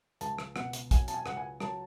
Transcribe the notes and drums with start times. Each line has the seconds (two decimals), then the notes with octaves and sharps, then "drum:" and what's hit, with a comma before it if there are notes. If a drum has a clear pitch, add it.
0.21 C#2 A5, drum: hi-hat
0.39 drum: rim click
0.56 B2 F#5, drum: rim click
0.73 drum: hi-hat
0.91 F#3 G#5, drum: kick, hi-hat
1.08 A5, drum: hi-hat
1.14 G#5
1.26 C#2 F#5, drum: rim click
1.37 G#5
1.60 F#3 A5, drum: rim click